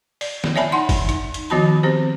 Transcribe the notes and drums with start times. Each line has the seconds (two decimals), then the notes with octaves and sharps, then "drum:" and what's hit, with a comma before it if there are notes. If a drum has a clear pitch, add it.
0.21 D5, drum: open hi-hat
0.44 drum: snare
0.56 C#5 D5 E5 G#5 A5 B5
0.72 D#4 F#5 C6
0.89 drum: kick G1, open hi-hat
1.09 D#4, drum: hi-hat
1.34 drum: hi-hat
1.50 D#3 F3 B3 F#4 A5 B5
1.83 C4 G4 C5